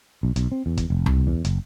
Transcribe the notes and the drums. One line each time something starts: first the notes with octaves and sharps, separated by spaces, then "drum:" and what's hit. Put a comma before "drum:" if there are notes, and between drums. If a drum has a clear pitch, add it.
B1
B1, drum: hi-hat
C4
E2
drum: kick, hi-hat
F1
C2, drum: tom C#2
E2
F#1, drum: hi-hat